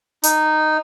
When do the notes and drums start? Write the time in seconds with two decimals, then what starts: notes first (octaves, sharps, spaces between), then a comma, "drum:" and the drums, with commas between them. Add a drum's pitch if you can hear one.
0.23 D#4, drum: hi-hat